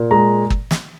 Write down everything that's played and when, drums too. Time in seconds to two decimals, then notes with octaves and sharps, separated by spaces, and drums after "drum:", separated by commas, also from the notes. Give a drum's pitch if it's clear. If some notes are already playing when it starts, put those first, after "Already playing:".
Already playing: A#2
0.11 G#3 A#5
0.50 drum: kick
0.71 drum: snare